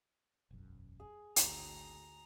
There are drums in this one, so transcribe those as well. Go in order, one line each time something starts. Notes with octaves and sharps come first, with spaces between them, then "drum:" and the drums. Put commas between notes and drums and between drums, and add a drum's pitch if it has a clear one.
E1 B1 F#2
G#4
G#1 D2 A#5, drum: hi-hat